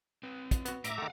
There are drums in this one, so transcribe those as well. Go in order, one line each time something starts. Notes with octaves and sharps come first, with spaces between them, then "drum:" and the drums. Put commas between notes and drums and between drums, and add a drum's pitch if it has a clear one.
C4 B4
drum: kick, hi-hat
B3 F#4, drum: hi-hat
A2 E5 A#5 D6, drum: hi-hat
D#3 A3 F5 F#5